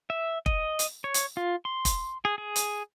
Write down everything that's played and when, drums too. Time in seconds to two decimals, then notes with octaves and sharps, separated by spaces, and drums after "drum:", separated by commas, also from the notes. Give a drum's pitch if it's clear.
0.10 E5
0.46 D#5, drum: kick
0.79 drum: hi-hat
1.04 C#5
1.14 drum: hi-hat
1.37 F4
1.65 C6
1.85 drum: kick, hi-hat
2.25 G#4
2.38 G#4
2.56 drum: hi-hat